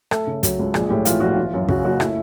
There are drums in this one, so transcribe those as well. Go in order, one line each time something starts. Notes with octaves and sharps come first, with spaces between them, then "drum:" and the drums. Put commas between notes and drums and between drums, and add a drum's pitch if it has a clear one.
A3 A4, drum: rim click
C#3
F#3, drum: kick, hi-hat
C#2
A#1 G#4, drum: rim click
A2 G4
E3 F4, drum: hi-hat
A#1 F#4
E3 F4
F#2
C#3 F#4, drum: kick
F#1 F#4
A3 E4, drum: rim click